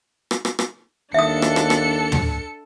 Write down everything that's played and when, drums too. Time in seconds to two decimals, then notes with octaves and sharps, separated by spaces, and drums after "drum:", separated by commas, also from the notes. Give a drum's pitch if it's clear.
0.31 drum: rim click
0.45 drum: rim click
0.59 drum: rim click
1.14 D#2 D4 A4 E5 D#6 C#7
1.42 drum: rim click
1.56 drum: rim click
1.70 drum: rim click
2.12 drum: tom